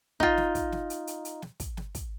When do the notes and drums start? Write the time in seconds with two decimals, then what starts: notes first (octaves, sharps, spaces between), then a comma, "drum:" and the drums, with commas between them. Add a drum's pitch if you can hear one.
0.20 D#4 F4, drum: kick
0.37 drum: snare
0.55 drum: kick, hi-hat
0.72 drum: snare
0.90 drum: hi-hat
1.07 drum: hi-hat
1.25 drum: hi-hat
1.42 drum: snare
1.60 drum: kick, hi-hat
1.77 drum: snare
1.95 drum: kick, hi-hat